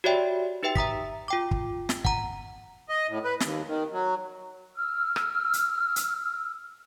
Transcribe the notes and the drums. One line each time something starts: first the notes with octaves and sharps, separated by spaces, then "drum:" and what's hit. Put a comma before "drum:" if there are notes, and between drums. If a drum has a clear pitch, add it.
F#4 G4 C#5 D5 E5 G5
D#4 G4 B4 E5 G5
E5 A#5 D#6 B6, drum: kick
F4 G5 D6
drum: kick
drum: snare
F#5 A#5, drum: kick
D#5
A2
B4
D#2, drum: snare
D#3
F#3
E6 F6
drum: rim click
drum: hi-hat
drum: hi-hat